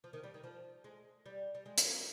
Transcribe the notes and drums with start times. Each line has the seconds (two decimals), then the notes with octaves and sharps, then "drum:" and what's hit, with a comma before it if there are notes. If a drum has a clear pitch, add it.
0.04 F3
0.13 D#3
0.23 G3
0.34 D#3
0.44 F3
0.84 G#3
1.26 G3
1.55 G3
1.66 G#3
1.78 drum: hi-hat